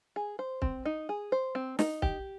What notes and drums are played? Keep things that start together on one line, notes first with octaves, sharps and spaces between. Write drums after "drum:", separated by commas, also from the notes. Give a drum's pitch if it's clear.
G#4
C5
C4, drum: kick
D#4
G#4
C5
C4
D#4, drum: snare
G4, drum: kick